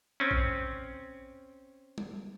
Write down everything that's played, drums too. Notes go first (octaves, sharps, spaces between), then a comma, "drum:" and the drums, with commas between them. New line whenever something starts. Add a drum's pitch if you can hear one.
C4 C#4
drum: kick
drum: tom G3